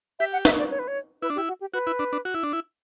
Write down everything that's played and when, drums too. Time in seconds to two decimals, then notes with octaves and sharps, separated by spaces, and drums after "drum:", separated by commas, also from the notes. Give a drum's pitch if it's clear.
0.19 G4 E5
0.33 F#5
0.45 E5, drum: snare
0.59 D5
0.71 C#5
0.79 B4
0.88 C#5
1.22 E4 B4
1.30 D4
1.36 G4
1.38 E4
1.48 F#4
1.61 G4
1.73 F#4 B4
1.87 E4
1.99 D4
2.13 D4
2.25 F#4
2.34 E4
2.43 D4
2.53 E4